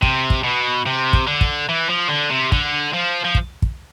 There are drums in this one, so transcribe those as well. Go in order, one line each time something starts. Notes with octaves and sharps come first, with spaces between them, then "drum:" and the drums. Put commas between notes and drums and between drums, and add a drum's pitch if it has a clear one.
C3, drum: kick
drum: kick
B2
C3
drum: kick
D3
drum: kick
E3
F3
D3
C3
D3, drum: kick
F3
F3
drum: kick
drum: kick